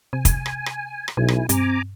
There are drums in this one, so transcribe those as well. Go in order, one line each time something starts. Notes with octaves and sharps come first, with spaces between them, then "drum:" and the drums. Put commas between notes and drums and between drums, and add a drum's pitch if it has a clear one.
C3 G#5
drum: kick, hi-hat
drum: rim click
drum: rim click
drum: rim click
B1 B2 E4 G#5
drum: rim click
G2 C4 G#5 A#5 D6, drum: hi-hat